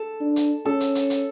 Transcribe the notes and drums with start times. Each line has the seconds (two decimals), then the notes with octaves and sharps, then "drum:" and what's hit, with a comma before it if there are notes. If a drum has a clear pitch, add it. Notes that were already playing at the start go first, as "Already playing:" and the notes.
Already playing: A4
0.21 D4
0.36 drum: hi-hat
0.65 C#4 A4
0.80 drum: hi-hat
0.95 drum: hi-hat
1.10 drum: hi-hat